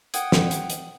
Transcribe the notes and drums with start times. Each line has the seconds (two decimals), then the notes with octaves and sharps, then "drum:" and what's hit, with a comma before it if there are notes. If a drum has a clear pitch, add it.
0.14 F#5 G5 D#6 G#6, drum: hi-hat
0.32 drum: snare
0.51 drum: hi-hat
0.70 drum: hi-hat